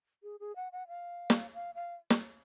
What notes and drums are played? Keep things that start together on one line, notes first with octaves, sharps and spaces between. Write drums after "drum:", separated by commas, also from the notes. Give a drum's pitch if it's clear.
G#4
G#4
F#5
F#5
F5
drum: snare
F5
F5
drum: snare